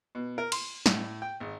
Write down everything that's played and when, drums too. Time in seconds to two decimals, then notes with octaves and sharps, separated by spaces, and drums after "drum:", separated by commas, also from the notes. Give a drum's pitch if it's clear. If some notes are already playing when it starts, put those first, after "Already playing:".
0.15 B2
0.38 A#4
0.52 C6, drum: cymbal
0.86 A2, drum: snare
1.22 G5
1.40 G#1